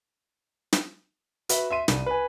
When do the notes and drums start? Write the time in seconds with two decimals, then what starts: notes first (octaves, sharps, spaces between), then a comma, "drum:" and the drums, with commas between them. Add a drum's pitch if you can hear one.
0.73 drum: snare
1.49 F#4 B4 E5, drum: hi-hat
1.70 E5 C6 D#7
1.88 C2, drum: snare
2.06 B4 G#5